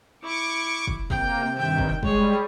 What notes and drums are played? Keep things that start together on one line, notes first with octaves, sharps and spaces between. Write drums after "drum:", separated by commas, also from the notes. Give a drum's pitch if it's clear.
E4 C#6 D6
drum: kick
C3 A#3 G5, drum: kick
G2 D#3 E5 G5
drum: kick
G3 G#3 G#4 C#5, drum: kick